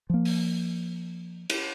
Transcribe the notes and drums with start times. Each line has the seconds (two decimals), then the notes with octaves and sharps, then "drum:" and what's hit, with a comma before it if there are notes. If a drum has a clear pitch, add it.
0.10 F3 A#3
0.25 drum: open hi-hat
1.50 drum: cymbal